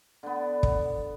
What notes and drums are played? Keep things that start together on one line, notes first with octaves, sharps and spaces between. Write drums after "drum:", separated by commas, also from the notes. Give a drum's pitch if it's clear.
D3 B3
drum: kick